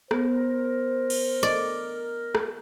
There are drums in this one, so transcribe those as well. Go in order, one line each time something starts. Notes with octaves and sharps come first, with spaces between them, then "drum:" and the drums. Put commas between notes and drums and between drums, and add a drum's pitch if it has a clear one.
B3 A#4 C5, drum: rim click
drum: cymbal
D5 D#5
drum: rim click